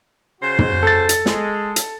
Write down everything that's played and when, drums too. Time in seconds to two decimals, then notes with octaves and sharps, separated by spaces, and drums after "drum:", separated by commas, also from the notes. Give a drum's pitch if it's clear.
0.42 C#3 F#4 C5
0.59 drum: tom
0.83 A4 A6
1.09 drum: hi-hat
1.26 G#3, drum: snare
1.76 drum: hi-hat